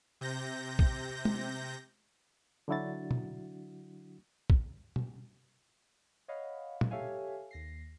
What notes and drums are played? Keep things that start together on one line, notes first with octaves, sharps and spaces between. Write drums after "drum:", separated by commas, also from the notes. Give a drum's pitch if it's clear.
C3 G6 A#6
drum: kick
drum: tom
D3 F#3 D4 E4 F#4 A6
drum: tom
drum: kick
drum: tom
C#5 D#5 F5 F#5 B5
drum: tom
G4 A4 C#5 E5 F5 G#5
D#2 A#6 C7